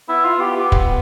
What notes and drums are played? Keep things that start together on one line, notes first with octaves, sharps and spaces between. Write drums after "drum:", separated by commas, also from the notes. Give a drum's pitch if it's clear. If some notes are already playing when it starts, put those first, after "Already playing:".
B3 E4
F4
B3 G4
G4
drum: kick